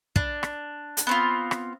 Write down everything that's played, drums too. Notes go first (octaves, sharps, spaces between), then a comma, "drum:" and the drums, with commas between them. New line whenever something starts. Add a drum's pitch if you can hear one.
D4, drum: kick
drum: rim click
drum: hi-hat
B3 C4 F4
drum: rim click